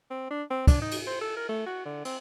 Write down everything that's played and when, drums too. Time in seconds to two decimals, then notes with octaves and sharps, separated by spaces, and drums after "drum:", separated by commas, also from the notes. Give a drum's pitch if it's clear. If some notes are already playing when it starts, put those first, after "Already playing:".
0.10 C4
0.30 D4
0.50 C4
0.67 D4, drum: kick, cymbal
0.82 D#4
0.91 drum: cymbal
1.07 C5
1.21 A4
1.37 A#4
1.49 A3
1.66 F#4
1.85 D3
2.05 C4, drum: cymbal